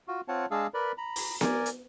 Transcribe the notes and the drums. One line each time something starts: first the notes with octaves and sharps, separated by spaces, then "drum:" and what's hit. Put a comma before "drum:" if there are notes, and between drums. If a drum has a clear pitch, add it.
F4 F#4
C4 F4 C#5 F#5 A5
G#3 D4 G#4 F5 A5 E6
A#4 B4 D5 B5
A#5 B5
drum: open hi-hat
A#4 D5 G#5, drum: snare B3
drum: hi-hat